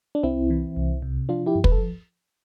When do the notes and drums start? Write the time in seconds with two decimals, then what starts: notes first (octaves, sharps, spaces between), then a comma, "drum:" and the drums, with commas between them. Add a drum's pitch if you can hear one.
0.15 D4
0.23 C2 C4 E4
0.50 E3
0.76 C2
1.02 C3
1.29 F3 D4 F4
1.46 E4 G4
1.55 G2
1.64 B4, drum: kick
1.72 A4